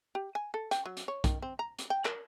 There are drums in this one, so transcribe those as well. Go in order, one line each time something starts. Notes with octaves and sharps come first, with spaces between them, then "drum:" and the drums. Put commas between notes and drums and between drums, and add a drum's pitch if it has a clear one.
G4
G#5
A4
G5, drum: hi-hat
F#3
drum: hi-hat
C#5
D#3, drum: kick, hi-hat
C4
A#5
drum: hi-hat
G5
A#4, drum: clap